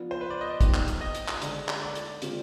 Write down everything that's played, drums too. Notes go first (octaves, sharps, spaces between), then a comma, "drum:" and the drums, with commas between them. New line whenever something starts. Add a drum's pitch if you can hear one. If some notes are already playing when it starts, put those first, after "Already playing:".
Already playing: F3 B3 D4 F4
C5
B4
D5
D#5
D5
G3 B3 D#4 G4, drum: kick, hi-hat
drum: clap
drum: hi-hat
D#5
drum: hi-hat
drum: clap
D3 G#3 D4, drum: hi-hat
drum: clap
D5
drum: hi-hat
D3 G#3 C4 F4, drum: hi-hat